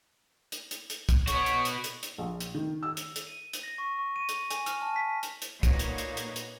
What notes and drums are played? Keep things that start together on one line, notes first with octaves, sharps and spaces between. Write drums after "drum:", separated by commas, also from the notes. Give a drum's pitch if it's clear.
drum: hi-hat
drum: hi-hat
drum: hi-hat
drum: kick, hi-hat
B3 F#4 C#5, drum: hi-hat
drum: hi-hat
drum: hi-hat
drum: hi-hat
drum: hi-hat
A#1
drum: hi-hat
D#3
E6
drum: hi-hat
drum: hi-hat
D#7
drum: hi-hat
A#6
C#6
C#6
D#7
drum: hi-hat
G#5, drum: hi-hat
F6, drum: hi-hat
A5
B6
drum: hi-hat
drum: hi-hat
A#2 A#3 D#4 F#4 B4 C#5, drum: kick, hi-hat
drum: hi-hat
drum: hi-hat
drum: hi-hat
drum: hi-hat